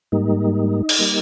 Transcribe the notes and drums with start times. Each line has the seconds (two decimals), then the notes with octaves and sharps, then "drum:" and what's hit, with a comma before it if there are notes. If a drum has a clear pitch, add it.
0.12 G#2 G3 A#3 D#4
0.89 drum: cymbal
0.99 G3 A#3